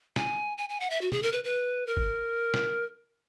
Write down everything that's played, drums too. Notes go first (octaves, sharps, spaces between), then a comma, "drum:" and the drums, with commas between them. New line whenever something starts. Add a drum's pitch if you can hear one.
G#5, drum: snare
G#5
G#5
F#5
E5
F#4
G#4, drum: tom
A#4
B4
B4
A#4
drum: kick G1
drum: snare